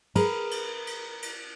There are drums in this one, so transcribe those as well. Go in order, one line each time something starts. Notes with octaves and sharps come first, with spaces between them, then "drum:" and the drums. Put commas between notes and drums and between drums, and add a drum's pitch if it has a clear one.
G#4 A#4 B4 A#5, drum: cymbal
drum: cymbal
drum: cymbal
drum: cymbal